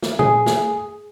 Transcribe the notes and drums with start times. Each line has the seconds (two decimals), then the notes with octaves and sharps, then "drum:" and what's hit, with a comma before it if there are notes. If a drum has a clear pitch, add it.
0.02 drum: snare
0.19 G#4, drum: tom A#2
0.46 drum: snare